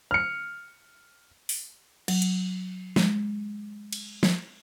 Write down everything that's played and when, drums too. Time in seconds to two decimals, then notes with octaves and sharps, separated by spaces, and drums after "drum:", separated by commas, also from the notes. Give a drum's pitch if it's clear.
0.11 F6 C#7
1.49 drum: open hi-hat
2.08 F#3, drum: cymbal
2.22 drum: hi-hat
2.96 G#3, drum: snare
3.93 drum: cymbal
4.23 drum: snare